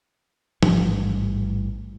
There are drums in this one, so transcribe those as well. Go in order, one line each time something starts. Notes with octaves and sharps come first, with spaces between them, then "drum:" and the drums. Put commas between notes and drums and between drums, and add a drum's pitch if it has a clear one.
A1 G#2 E3 G3, drum: tom F3